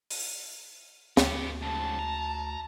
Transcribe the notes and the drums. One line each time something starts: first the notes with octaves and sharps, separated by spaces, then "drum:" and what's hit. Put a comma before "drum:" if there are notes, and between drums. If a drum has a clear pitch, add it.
drum: open hi-hat
D2 B3 G4, drum: snare
G#2 C#3 A5
A#5